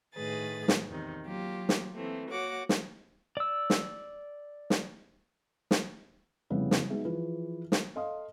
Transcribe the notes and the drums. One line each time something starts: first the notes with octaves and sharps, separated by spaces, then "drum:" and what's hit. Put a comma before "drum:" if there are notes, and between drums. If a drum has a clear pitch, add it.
A2 D#3 G#4 B4 A6
drum: snare
E2 C3 D#3
F#3 A#3 F4 G4
drum: snare
E3 A3 A#3 C4
A#3 F#4 C#5 F#5 D6
drum: snare
D5 E6
drum: snare
drum: snare
drum: snare
F1 C#3 G3 B3 E4
drum: snare
F#3 G#3 B3 D#4 G#4 E5
E3 F3 G#4 B4
drum: snare
A4 D#5 F5 C6 D#6